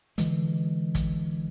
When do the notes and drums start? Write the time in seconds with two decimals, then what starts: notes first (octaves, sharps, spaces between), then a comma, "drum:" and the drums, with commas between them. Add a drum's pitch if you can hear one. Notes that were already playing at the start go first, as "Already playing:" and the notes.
0.18 D3 E3 G#3, drum: hi-hat
0.95 drum: kick, hi-hat